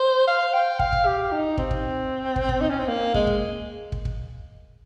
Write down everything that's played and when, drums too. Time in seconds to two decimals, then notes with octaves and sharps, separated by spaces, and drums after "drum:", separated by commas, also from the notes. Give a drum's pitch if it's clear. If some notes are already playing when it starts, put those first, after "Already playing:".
Already playing: C5
0.27 F5
0.54 G5
0.79 F5, drum: kick
0.92 drum: kick
1.06 G4
1.31 D#4
1.57 C4, drum: kick
1.71 drum: kick
2.36 drum: kick
2.49 drum: kick
2.61 D#4
2.70 C#4
2.79 C4
2.88 A#3
3.14 G#3, drum: kick
3.27 drum: kick
3.92 drum: kick
4.05 drum: kick